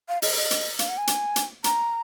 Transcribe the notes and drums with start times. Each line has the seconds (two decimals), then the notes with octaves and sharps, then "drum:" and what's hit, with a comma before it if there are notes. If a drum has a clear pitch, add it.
0.09 F5
0.22 D#5, drum: open hi-hat
0.36 D#5
0.51 drum: hi-hat
0.79 F5, drum: hi-hat
0.89 F#5
0.97 G#5
1.07 drum: hi-hat
1.36 drum: hi-hat
1.64 A#5, drum: hi-hat